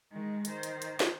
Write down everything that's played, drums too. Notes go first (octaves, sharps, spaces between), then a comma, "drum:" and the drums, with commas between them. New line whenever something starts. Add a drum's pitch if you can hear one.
D#3 G#3
D#3 C5, drum: hi-hat
drum: hi-hat
drum: hi-hat
drum: snare